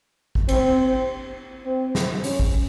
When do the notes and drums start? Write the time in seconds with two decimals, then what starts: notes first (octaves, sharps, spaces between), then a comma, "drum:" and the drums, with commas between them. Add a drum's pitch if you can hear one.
0.35 drum: kick
0.49 C4, drum: cymbal
1.66 C4
1.95 drum: snare
2.24 C#4, drum: open hi-hat
2.39 drum: kick